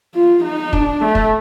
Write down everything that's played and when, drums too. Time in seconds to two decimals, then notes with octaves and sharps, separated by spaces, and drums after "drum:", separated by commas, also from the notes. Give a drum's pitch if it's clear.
0.15 F4
0.44 D#4
0.73 D4, drum: kick
1.01 A3
1.15 drum: kick